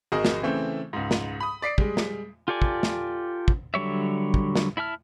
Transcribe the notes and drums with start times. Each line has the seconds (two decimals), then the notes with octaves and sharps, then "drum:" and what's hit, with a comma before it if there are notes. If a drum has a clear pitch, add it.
0.12 G#1 F#4 G#4 A#4 D#5
0.25 drum: snare
0.43 C#3 E3 A3 C4
0.93 C#2 G#2
1.11 drum: snare
1.40 B5 D#6
1.62 D5 B6 C7 D7
1.78 G3 G#3, drum: kick
1.97 drum: snare
2.48 F4 G4 A4 D5 G#5
2.62 drum: kick
2.83 drum: snare
3.48 drum: kick
3.74 D3 F#3 G3 C#5 E5
4.34 drum: kick
4.55 drum: snare
4.77 E4 E5 A5 F6